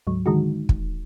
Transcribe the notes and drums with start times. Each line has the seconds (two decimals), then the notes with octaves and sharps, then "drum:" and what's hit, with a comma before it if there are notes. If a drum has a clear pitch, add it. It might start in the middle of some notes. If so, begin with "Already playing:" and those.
0.07 D2 G#2 F#3
0.26 D3 D#3 G#3 D#4 F#4
0.69 drum: kick